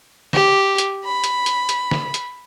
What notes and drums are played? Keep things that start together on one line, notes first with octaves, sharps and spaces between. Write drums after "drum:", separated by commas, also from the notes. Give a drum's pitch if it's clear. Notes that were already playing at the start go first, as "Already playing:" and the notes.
G4, drum: snare
drum: hi-hat
B5
drum: hi-hat
drum: hi-hat
drum: hi-hat
drum: snare
drum: hi-hat